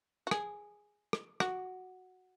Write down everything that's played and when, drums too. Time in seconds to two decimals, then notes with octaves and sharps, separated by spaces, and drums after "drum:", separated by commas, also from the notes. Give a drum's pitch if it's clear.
0.27 F#4
0.31 G#4, drum: rim click
1.13 drum: rim click
1.40 F#4, drum: rim click